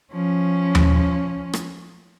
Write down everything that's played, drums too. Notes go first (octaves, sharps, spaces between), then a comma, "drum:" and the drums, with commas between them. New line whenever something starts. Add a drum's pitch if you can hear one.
F3 C#4
drum: tom D#2
drum: rim click